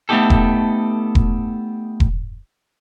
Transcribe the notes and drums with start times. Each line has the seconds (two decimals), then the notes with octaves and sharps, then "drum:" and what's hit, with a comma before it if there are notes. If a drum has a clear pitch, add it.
0.09 A3 B3 C4 D#4 G4 A4
0.30 drum: kick E1
1.15 drum: kick E1
2.00 drum: kick E1